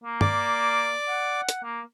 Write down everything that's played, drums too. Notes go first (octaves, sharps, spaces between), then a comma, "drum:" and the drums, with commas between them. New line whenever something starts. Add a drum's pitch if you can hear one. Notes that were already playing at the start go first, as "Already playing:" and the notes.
A#3
D5 D6, drum: tom
F#5
drum: hi-hat
A#3